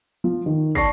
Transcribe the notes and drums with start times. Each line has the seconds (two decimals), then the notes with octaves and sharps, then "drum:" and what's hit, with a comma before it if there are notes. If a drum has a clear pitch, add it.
0.24 F3
0.46 D#3
0.75 D5 A5 C#6 A#6 C7, drum: kick